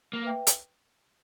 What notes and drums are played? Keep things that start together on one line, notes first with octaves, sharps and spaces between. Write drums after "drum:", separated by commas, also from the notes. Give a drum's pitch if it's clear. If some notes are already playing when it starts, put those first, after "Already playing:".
A#3
B4 E5 G5
drum: hi-hat